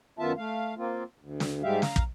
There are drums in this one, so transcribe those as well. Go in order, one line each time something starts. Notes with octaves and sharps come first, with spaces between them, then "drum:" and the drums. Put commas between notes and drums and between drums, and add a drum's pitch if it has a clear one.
F#2 D#3 B3 F4 E5 A5
A3 F5
A#3 C4 F4
D2
drum: snare
G#2 G3 G#3 G4 E5 F5
F5 A#5, drum: snare
drum: kick